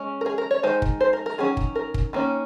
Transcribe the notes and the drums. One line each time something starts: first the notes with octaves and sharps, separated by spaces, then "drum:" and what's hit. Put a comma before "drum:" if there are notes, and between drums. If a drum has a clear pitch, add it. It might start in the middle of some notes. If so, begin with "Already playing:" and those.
Already playing: G#3 C#4
A#4
G#4
A#4
C#5
D#3 G#3 D#4 C5
drum: kick
C5
A#4
A#4
D#3 F#3 C#4 G#4
drum: kick
A#4
drum: kick
D#3 A#3 C#4